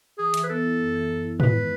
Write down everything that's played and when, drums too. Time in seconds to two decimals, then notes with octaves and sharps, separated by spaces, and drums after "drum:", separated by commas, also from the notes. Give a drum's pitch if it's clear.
0.18 E3 G#4
0.34 E3, drum: hi-hat
0.44 B4
0.49 B3 A4
0.64 E4
0.80 F#2
0.95 E3
1.10 F#2
1.25 E4
1.40 D#3 B4, drum: tom
1.56 G#3